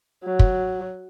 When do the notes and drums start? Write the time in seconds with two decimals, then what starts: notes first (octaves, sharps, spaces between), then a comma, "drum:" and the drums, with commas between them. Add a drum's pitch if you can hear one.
0.24 F#3
0.39 drum: kick